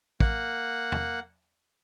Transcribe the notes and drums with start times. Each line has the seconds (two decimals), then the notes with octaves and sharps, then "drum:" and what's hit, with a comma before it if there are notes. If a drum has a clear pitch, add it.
0.20 A#3 F#5, drum: kick
0.92 drum: tom